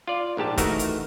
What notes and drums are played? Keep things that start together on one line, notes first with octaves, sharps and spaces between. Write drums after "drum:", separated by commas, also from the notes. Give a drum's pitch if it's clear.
F4 D5
A#1 G#2 G4 A5
D#3 E3 A3 F#4 A#4, drum: kick, hi-hat
drum: hi-hat